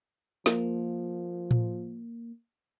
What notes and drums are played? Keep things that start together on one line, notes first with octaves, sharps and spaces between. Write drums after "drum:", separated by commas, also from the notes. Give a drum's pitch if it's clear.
F3 A#3, drum: snare
drum: tom A2